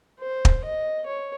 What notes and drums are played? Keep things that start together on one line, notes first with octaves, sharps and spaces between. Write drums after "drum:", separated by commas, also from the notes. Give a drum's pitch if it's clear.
C5
drum: kick
D#5
C#5